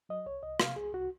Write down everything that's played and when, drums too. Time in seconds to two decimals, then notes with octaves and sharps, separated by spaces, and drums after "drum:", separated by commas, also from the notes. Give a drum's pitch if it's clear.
0.09 F#3 D#5
0.26 C2 C#5
0.43 C2 D#5
0.60 C3 F5, drum: rim click
0.76 C2 G#4
0.93 C2 F#4